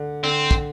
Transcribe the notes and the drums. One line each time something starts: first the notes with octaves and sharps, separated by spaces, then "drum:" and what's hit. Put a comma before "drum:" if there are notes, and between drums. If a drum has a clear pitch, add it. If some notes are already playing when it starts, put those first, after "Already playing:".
Already playing: D3
D3 C4
drum: kick